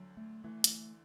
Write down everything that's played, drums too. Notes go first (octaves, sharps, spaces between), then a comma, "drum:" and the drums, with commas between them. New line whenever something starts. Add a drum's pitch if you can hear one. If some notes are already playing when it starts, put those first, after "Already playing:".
Already playing: D2 D3 F#3
A3
E3 A3
drum: hi-hat